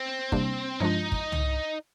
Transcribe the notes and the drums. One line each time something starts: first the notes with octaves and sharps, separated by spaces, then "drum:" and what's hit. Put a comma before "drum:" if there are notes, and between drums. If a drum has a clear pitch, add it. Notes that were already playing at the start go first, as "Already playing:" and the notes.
Already playing: C4
C3 G3 A#3 D4, drum: kick
G2 F3 G#3 D4 D#4 F4
drum: kick
drum: tom